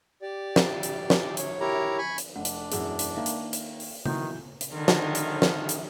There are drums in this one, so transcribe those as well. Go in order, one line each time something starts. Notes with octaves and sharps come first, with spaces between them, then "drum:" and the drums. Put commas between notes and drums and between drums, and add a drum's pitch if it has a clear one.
G4 D5
drum: snare
drum: hi-hat
drum: snare
C#5, drum: hi-hat
E4 G4 A#4 C#5 A#5
G#5 B5 C#6
drum: hi-hat
F1 D4 F#5
drum: hi-hat
E1 F#2 E3 G#4 F#5, drum: hi-hat
drum: hi-hat
D#3 A#3 E5 F5
drum: hi-hat
drum: hi-hat
drum: open hi-hat
D#3 E3 F#3 G6, drum: tom C#3
drum: hi-hat
D3 D#3
drum: snare
drum: hi-hat
drum: snare
drum: hi-hat